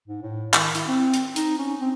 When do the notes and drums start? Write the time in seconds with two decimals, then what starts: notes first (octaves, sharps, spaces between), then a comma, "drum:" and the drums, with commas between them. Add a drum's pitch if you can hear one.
0.08 G#2
0.23 A2
0.54 D#3, drum: clap
0.75 E4, drum: hi-hat
0.88 C4
1.14 drum: hi-hat
1.36 D#4, drum: hi-hat
1.58 C#4
1.81 C4